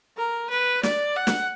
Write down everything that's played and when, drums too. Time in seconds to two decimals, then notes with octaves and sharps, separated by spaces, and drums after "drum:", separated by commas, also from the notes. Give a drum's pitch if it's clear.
0.17 A#4
0.50 B4
0.83 D5, drum: snare
1.16 F#5
1.27 drum: snare